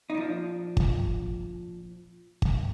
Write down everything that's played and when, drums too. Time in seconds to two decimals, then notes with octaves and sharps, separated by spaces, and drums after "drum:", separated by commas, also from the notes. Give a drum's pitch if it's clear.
0.10 D#4
0.14 A#2 F3 D4
0.77 drum: kick
2.42 drum: kick